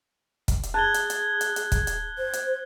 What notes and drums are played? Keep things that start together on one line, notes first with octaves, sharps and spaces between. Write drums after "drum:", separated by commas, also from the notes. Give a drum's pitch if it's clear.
drum: kick, hi-hat
drum: hi-hat
G#4 A5 F#6 G#6 G7
drum: hi-hat
drum: hi-hat
drum: hi-hat
drum: hi-hat
drum: kick, hi-hat
drum: hi-hat
C5
drum: hi-hat